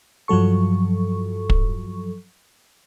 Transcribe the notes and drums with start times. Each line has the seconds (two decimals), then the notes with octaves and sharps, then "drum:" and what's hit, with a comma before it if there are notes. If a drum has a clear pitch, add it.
0.28 G2 F3 F#3 A4 C#6
1.50 drum: kick